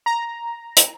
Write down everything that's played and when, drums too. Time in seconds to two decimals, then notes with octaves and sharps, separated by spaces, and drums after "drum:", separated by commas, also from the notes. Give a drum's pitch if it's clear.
0.06 A#5
0.77 drum: hi-hat